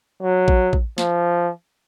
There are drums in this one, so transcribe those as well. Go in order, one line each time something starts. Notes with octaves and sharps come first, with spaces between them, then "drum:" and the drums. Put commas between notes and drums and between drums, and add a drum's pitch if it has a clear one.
F#3
drum: kick A1
drum: kick A1
F3, drum: snare